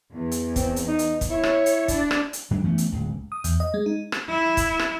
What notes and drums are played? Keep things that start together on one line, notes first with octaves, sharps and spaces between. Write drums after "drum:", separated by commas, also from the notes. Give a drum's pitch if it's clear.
E2
drum: hi-hat
C4, drum: kick, hi-hat
drum: hi-hat
D#4
drum: hi-hat
drum: kick, hi-hat
E4 C#5
drum: rim click
drum: hi-hat
D4, drum: kick, hi-hat
drum: rim click
drum: hi-hat
F#2 D#3 G#3 D4
E3 A3 B3 C#4
drum: hi-hat
D1 C#2
D#6
E2, drum: hi-hat
D#5
G#3
D#4
drum: rim click
E4
drum: kick, hi-hat
drum: rim click